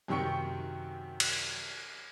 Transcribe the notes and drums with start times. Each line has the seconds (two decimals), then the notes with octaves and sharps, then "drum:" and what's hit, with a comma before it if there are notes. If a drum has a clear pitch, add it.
0.08 F#2 C3 D#3 G5 C#6 C#7
1.20 drum: cymbal